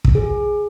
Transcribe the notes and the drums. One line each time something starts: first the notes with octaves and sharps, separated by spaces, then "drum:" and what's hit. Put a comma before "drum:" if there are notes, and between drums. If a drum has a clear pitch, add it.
drum: kick
G#4